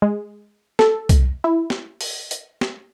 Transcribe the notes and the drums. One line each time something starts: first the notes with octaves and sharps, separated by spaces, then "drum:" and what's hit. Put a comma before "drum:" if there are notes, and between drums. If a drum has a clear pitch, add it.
G#3
A4, drum: snare
drum: kick C2, hi-hat
E4
drum: snare
drum: open hi-hat
drum: hi-hat
drum: snare